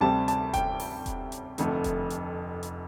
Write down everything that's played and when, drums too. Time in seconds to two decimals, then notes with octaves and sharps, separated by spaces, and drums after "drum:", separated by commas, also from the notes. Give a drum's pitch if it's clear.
0.01 D2 C3 G3 C4 A5
0.28 A5, drum: hi-hat
0.53 G5, drum: kick E1, hi-hat
0.80 drum: open hi-hat
1.06 drum: kick E1, hi-hat
1.32 drum: hi-hat
1.58 F1 F2 D3 A3, drum: hi-hat
1.84 drum: kick E1, hi-hat
2.10 drum: hi-hat
2.63 drum: hi-hat